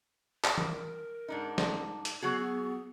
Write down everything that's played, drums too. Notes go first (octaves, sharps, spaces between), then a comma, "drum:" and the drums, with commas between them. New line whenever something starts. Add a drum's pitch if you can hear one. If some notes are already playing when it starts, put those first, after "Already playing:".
drum: clap
A#4, drum: tom E3
G#2 D4 D#4
drum: snare
drum: hi-hat
F#3 B3 F#4 G#4